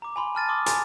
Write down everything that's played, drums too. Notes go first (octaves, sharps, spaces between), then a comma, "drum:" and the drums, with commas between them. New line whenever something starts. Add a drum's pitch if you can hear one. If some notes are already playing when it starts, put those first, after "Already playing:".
A#5 D6
G#5 B5 C6
A5 F6 A6 D#7
C6 D6 D#6
G#5 A#5 C6 A6, drum: hi-hat